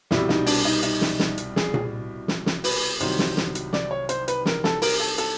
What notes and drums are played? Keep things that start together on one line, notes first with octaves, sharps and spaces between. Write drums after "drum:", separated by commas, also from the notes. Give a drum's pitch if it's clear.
C2 B2 G3 E4, drum: snare
D#4, drum: snare
D4, drum: open hi-hat
D#4
D#4, drum: hi-hat
drum: snare
drum: snare
drum: hi-hat
G#4, drum: snare
drum: tom A#2
drum: snare
drum: snare
B4, drum: open hi-hat
C2 C3 D#3 F#3 C5, drum: hi-hat
drum: snare
drum: snare
drum: hi-hat
D5, drum: snare
C#5
C5, drum: hi-hat
B4, drum: hi-hat
A#4, drum: snare
A4, drum: snare
A#4, drum: open hi-hat
A4
A4, drum: hi-hat